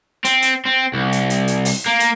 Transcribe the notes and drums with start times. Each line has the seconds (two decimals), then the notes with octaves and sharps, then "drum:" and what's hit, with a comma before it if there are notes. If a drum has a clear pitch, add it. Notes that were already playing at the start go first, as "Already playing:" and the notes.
0.25 C4, drum: hi-hat
0.42 drum: hi-hat
0.66 C4
0.94 C2
1.12 drum: hi-hat
1.30 drum: hi-hat
1.47 drum: hi-hat
1.65 drum: open hi-hat
1.86 A#3
2.00 drum: hi-hat